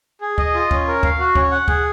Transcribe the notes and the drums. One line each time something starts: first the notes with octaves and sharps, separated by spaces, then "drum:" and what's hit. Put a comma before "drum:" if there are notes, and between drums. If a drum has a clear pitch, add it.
G#4
D#5, drum: kick D2
F4
C#4, drum: kick D2
A#4
F5, drum: kick D2
F#4
C#4, drum: kick D2
F#5
G#4, drum: kick D2